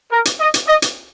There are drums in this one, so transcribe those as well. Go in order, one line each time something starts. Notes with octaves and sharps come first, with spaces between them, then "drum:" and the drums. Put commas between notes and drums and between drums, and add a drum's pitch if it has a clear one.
A#4
drum: hi-hat
D#5
drum: hi-hat
D#5
drum: hi-hat